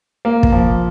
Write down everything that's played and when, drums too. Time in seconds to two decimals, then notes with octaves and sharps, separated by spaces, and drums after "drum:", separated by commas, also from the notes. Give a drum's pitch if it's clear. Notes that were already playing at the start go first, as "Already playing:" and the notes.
0.25 A#3
0.43 drum: kick
0.52 F3